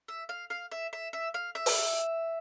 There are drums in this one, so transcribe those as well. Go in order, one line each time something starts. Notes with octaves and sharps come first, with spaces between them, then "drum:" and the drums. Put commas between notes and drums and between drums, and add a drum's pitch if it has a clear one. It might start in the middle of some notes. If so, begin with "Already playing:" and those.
E5
F5
F5
E5
E5
E5
F5
E5
drum: open hi-hat